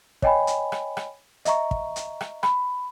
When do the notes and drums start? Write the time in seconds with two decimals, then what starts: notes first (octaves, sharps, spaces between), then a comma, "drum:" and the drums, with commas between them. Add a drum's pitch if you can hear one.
0.22 C#5 D#5 G5 G#5 B5, drum: kick
0.47 drum: hi-hat
0.72 drum: rim click
0.97 drum: rim click
1.45 D#5 E5 A#5 C#6, drum: hi-hat
1.71 drum: kick
1.96 drum: hi-hat
2.21 drum: rim click
2.43 B5, drum: rim click